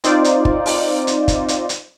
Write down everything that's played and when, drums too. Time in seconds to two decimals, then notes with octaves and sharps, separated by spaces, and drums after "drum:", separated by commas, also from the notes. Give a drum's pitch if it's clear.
0.04 C4 D#4 F4 C5 D5, drum: hi-hat
0.24 drum: hi-hat
0.45 drum: kick
0.66 drum: open hi-hat
1.07 drum: hi-hat
1.28 drum: kick, hi-hat
1.48 drum: hi-hat
1.69 drum: hi-hat